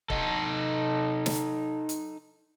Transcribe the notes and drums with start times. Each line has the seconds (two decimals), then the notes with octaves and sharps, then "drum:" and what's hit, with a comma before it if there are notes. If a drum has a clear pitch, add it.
0.10 D#4 A4, drum: kick
1.26 drum: snare
1.89 drum: hi-hat